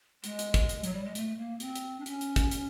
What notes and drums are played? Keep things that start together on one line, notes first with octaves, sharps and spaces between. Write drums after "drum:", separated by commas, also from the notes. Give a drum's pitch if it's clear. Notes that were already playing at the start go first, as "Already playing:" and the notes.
G#3, drum: hi-hat
drum: hi-hat
drum: kick, hi-hat
drum: hi-hat
F#3, drum: hi-hat
G3
G#3
A3, drum: hi-hat
A#3
C4, drum: hi-hat
drum: hi-hat
D4
C#4, drum: hi-hat
drum: hi-hat
drum: kick, hi-hat
drum: hi-hat